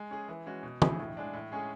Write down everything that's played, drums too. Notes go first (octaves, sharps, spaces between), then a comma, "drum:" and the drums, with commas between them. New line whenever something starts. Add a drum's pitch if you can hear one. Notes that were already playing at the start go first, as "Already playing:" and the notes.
Already playing: G#3
C#4 G#4
E3
G#3 C#4 F#4
B2
A3 E4 G#4, drum: tom
A2
G#3 D4
A2
G#3 C#4 G#4